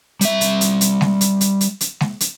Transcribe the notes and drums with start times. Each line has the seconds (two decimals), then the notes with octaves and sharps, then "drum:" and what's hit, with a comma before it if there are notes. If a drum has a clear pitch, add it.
0.21 G3 E5, drum: hi-hat
0.41 drum: hi-hat
0.61 drum: hi-hat
0.81 drum: hi-hat
1.01 drum: snare
1.21 drum: hi-hat
1.41 drum: hi-hat
1.61 drum: hi-hat
1.81 drum: hi-hat
2.01 drum: snare
2.20 drum: hi-hat